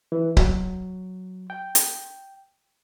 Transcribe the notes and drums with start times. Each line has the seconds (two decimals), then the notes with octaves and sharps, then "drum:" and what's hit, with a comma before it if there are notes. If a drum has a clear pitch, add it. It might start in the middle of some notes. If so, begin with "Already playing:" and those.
0.12 E3
0.37 F#3, drum: kick C#1
1.50 G5
1.75 drum: hi-hat